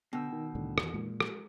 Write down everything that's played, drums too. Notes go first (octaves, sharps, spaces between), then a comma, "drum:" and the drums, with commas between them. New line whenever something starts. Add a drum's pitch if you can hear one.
B2 D3 G5 E6
D#3
C2 A2 D3
F2 E3, drum: rim click
A#2 G#3
drum: rim click